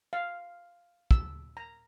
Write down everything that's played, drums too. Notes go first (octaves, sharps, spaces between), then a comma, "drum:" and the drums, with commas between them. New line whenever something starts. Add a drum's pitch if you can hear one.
F5
E6, drum: kick
A#5